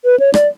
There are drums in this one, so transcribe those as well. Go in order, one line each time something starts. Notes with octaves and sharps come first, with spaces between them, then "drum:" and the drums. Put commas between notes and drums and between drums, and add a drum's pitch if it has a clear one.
B4
C#5
D5, drum: rim click